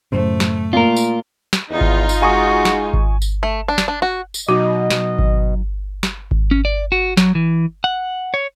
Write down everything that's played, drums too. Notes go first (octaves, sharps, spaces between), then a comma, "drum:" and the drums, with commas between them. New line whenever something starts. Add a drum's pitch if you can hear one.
F#2 A2 C#3 A3 C5
drum: snare
A#2 F4 A#4
drum: tambourine
drum: snare
E2 D#4 F4
drum: kick G#1
drum: tambourine
G#3 F#4 G#5 C#6 D#6
drum: snare
drum: kick G#1
drum: tambourine
A3
D4
drum: snare
D4
F#4
drum: tambourine
B2 F#3 D#4 F#4 D#5
drum: snare
drum: kick G#1
drum: snare
drum: kick G#1
C#4
D5
F#4
F#3, drum: snare
E3
F#5
C#5